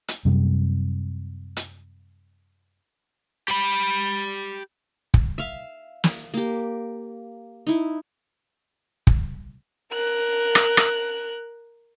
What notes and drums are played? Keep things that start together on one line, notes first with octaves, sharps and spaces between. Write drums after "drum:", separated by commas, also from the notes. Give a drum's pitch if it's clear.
drum: hi-hat
F#2 C3 G3
drum: hi-hat
G4 B5
drum: kick
E5 F5
drum: snare
A#3 G4
D#4 E4
drum: kick
A#4 F#6
drum: rim click
drum: rim click